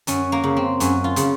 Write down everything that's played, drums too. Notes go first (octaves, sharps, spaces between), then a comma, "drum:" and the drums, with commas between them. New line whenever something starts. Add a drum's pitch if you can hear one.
F#2 C#4, drum: hi-hat
A#3
C#3
C4
F#2 C#4, drum: hi-hat
F4
C#3, drum: hi-hat